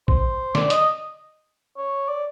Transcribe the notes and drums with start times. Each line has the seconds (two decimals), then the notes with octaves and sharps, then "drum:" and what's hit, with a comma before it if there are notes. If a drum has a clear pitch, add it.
0.08 C5, drum: kick
0.55 D5, drum: snare
0.70 D#5, drum: hi-hat
1.77 C#5
2.09 D5